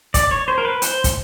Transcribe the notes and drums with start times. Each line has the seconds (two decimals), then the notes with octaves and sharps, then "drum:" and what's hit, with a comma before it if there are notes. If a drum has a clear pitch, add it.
0.14 D5, drum: kick, hi-hat
0.31 C#5
0.48 C5
0.58 A#4
0.65 B4
0.82 C5, drum: hi-hat
1.04 drum: kick, hi-hat